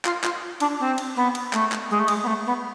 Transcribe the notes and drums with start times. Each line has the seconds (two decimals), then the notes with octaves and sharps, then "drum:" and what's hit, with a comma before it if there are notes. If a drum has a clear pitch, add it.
0.05 F4, drum: clap
0.24 F4, drum: clap
0.60 D4, drum: cymbal
0.80 C4
0.98 drum: cymbal
1.16 B3
1.35 drum: cymbal
1.53 A3, drum: clap
1.72 drum: clap
1.90 G#3
1.99 A3
2.08 G#3, drum: cymbal
2.23 B3
2.27 A3
2.47 B3